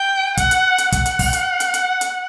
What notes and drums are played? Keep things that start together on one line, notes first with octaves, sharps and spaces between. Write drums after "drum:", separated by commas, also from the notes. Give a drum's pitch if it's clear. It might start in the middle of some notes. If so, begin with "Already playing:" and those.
Already playing: G5
F#5, drum: kick, hi-hat
drum: hi-hat
drum: hi-hat
F#5, drum: kick, hi-hat
drum: hi-hat
drum: kick, open hi-hat
drum: hi-hat
drum: hi-hat
drum: hi-hat
drum: hi-hat